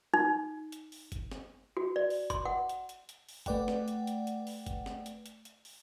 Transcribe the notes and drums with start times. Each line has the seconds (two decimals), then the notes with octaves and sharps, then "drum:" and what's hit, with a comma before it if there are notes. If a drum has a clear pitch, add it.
0.14 D#4
0.72 drum: hi-hat
0.92 drum: open hi-hat
1.12 drum: kick G1, hi-hat
1.32 drum: snare
1.77 F#4
1.96 D5
2.10 drum: open hi-hat
2.30 C6, drum: kick G1, hi-hat
2.45 F#5
2.69 drum: hi-hat
2.89 drum: hi-hat
3.09 drum: hi-hat
3.29 drum: open hi-hat
3.46 A3 B4 D5 F#5 G5, drum: kick G1, hi-hat
3.68 drum: snare
3.88 drum: hi-hat
4.07 drum: hi-hat
4.27 drum: hi-hat
4.47 drum: open hi-hat
4.66 drum: kick G1, hi-hat
4.86 drum: snare
5.06 drum: hi-hat
5.26 drum: hi-hat
5.45 drum: hi-hat
5.65 drum: open hi-hat